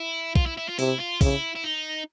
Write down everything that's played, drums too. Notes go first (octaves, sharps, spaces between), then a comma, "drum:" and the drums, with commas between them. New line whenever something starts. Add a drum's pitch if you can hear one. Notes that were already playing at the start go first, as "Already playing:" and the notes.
Already playing: E4
F4, drum: kick
E4
E4
F4
C3 E4, drum: open hi-hat
F4
C#3 E4, drum: kick, open hi-hat
E4
D#4